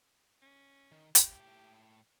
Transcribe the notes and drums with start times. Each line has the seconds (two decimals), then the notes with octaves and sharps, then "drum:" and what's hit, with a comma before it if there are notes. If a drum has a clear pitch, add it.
0.42 C#4
0.92 D#3
1.15 A2 G4 G5, drum: hi-hat